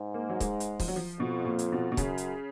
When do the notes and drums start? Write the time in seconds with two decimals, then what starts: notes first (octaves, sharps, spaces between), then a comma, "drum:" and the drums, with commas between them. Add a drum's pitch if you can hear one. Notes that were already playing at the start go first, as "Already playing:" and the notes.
Already playing: G#2
0.14 A#3
0.29 F#3
0.40 G#3, drum: kick, hi-hat
0.60 drum: hi-hat
0.80 F3, drum: kick, open hi-hat
0.88 F#3
0.96 F3
1.19 F2 B2
1.45 A#2
1.59 drum: hi-hat
1.72 B2
1.92 B2
1.97 F#2 C#3, drum: kick, hi-hat
2.18 drum: hi-hat